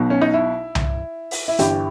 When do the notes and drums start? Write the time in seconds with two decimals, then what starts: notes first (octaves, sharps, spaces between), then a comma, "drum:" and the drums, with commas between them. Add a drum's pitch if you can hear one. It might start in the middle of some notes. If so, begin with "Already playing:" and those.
Already playing: B1 B2
0.10 C#4
0.22 D#4
0.34 E4
0.75 drum: tom C2
1.31 drum: open hi-hat
1.48 E4
1.59 G1 G2 E3 G4, drum: hi-hat